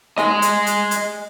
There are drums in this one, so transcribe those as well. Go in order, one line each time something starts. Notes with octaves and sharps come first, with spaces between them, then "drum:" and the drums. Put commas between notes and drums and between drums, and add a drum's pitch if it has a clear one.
D#5 G#5, drum: snare
drum: hi-hat
drum: hi-hat
drum: hi-hat